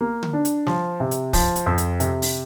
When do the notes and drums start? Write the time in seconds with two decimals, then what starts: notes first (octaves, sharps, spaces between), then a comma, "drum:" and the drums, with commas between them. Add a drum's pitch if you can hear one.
0.01 A#3
0.23 drum: tom D3
0.33 D4
0.45 drum: hi-hat
0.67 F3, drum: snare
1.00 C3
1.11 drum: hi-hat
1.33 F3, drum: kick, open hi-hat
1.56 drum: hi-hat
1.66 F2
1.78 drum: hi-hat
2.00 C3, drum: hi-hat
2.22 drum: open hi-hat